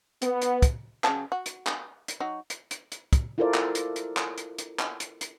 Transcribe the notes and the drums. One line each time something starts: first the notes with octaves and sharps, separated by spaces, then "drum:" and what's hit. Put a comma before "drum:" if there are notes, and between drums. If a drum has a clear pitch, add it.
B3, drum: hi-hat
drum: hi-hat
drum: kick, hi-hat
C#3 F#3 A5, drum: clap
F#4
drum: hi-hat
drum: clap
drum: hi-hat
F#3 D#4 F#4
drum: hi-hat
drum: hi-hat
drum: hi-hat
drum: kick, hi-hat
E4 F4 A4 A#4 C5 D5
drum: clap
drum: hi-hat
drum: hi-hat
drum: clap
drum: hi-hat
drum: hi-hat
drum: clap
drum: hi-hat
drum: hi-hat